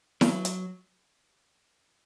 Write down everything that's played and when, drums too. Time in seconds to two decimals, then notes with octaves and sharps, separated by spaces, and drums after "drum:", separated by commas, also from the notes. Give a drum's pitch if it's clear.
0.21 F#3, drum: snare E4
0.45 drum: hi-hat